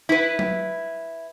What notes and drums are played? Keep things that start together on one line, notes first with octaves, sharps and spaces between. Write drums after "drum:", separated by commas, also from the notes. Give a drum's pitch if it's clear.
E4 B4
drum: tom F#3